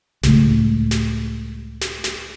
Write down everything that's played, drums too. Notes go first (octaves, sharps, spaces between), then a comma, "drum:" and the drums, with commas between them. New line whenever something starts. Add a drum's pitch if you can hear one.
C#2 A2 G#3, drum: snare
drum: snare
drum: snare
drum: snare